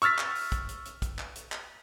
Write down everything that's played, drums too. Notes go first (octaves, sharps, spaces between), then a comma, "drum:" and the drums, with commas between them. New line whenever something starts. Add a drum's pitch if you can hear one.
C#6 E6 F6 A6 B6, drum: hi-hat
drum: clap
drum: open hi-hat
drum: kick, hi-hat
drum: hi-hat
drum: hi-hat
drum: kick, hi-hat
drum: clap
drum: hi-hat
drum: clap